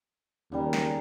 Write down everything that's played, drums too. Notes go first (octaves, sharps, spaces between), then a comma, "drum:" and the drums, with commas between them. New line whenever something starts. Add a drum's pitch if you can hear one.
D#2 C#3 G3 A#4
drum: snare